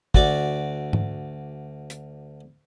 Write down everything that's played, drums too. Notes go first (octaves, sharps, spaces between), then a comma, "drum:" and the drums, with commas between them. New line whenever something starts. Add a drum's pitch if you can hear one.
D2 F#4 D5 C#6 D6, drum: kick
drum: tom G#2
drum: hi-hat